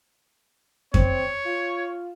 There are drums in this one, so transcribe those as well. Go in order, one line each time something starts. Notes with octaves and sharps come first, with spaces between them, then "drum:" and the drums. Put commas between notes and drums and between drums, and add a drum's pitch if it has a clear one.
C4 C#5, drum: kick F2
F4